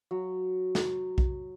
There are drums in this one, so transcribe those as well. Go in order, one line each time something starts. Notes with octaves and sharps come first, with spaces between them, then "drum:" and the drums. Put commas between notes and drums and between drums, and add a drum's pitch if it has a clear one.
F#3
drum: snare
drum: kick B1